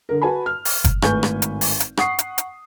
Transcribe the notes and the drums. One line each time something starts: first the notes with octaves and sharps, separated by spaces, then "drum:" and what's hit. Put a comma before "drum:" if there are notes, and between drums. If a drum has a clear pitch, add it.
D3 A#4
F#4 B4 G#5 A5 B5
F6
drum: open hi-hat
drum: kick F#1, hi-hat
G#1 A2 B4 G#5 C#6 G6, drum: rim click
drum: rim click
drum: hi-hat
drum: open hi-hat
drum: hi-hat
F#5 C#6 D#6 C7, drum: rim click
drum: hi-hat
drum: hi-hat